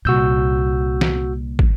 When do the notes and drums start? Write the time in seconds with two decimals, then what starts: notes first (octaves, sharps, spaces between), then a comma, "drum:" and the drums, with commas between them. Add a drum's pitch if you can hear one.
0.05 C2 A#2 F#4 E6 G6
1.01 drum: snare
1.59 drum: kick